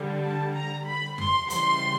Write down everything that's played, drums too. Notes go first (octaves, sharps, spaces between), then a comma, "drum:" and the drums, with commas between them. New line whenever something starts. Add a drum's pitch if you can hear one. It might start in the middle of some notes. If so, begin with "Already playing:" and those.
Already playing: D3 G3
A5
A#5
B5
C6, drum: tom F2
C#3 E3 G3 C6, drum: hi-hat